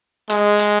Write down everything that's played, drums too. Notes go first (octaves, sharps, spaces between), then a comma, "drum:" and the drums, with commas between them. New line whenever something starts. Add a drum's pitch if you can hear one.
G#3, drum: hi-hat
drum: hi-hat